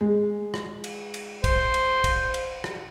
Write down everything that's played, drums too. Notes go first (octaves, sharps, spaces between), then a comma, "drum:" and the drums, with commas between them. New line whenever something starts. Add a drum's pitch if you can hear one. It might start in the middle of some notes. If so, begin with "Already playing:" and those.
G#3
drum: rim click
drum: cymbal
drum: cymbal
C5, drum: kick, cymbal
drum: cymbal
drum: kick, cymbal
drum: cymbal
drum: rim click